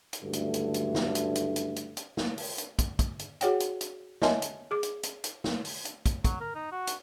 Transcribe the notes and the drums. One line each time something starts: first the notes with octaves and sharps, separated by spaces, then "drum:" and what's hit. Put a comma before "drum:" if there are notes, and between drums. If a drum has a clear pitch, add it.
drum: hi-hat
F#1 D2 G2 D3 A3
drum: hi-hat
drum: hi-hat
drum: hi-hat
drum: snare
drum: hi-hat
drum: hi-hat
drum: hi-hat
drum: hi-hat
drum: hi-hat
drum: snare
drum: open hi-hat
drum: hi-hat
drum: kick, hi-hat
drum: kick, hi-hat
drum: hi-hat
F#4 G#4 C#5 F#5 G5, drum: hi-hat
drum: hi-hat
drum: hi-hat
C#5 D#5 E5 G#5 A5 C6, drum: snare
drum: hi-hat
G#4 D6
drum: hi-hat
drum: hi-hat
drum: hi-hat
drum: snare
drum: open hi-hat
drum: hi-hat
drum: kick, hi-hat
F#3, drum: kick, hi-hat
A#4
D#4
F#4
drum: hi-hat